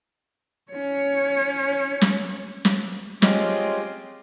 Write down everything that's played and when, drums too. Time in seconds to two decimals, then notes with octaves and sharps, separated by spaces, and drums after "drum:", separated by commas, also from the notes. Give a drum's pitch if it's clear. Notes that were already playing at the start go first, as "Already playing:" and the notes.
0.71 C#4 C#5
2.01 drum: snare
2.65 drum: snare
3.22 G#3 C4 C#4 F4 G4 D#5, drum: snare